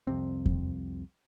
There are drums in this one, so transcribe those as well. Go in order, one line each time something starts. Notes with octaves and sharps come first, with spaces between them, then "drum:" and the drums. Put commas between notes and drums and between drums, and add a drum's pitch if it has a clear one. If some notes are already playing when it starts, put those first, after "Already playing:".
C2 F2 C3 C4
drum: kick E2